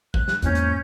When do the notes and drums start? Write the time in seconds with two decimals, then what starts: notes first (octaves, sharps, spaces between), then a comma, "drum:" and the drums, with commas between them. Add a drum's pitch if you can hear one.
0.14 F#6, drum: kick
0.28 drum: snare
0.42 E2 G#2 A#3 C#4 G6, drum: hi-hat
0.55 drum: hi-hat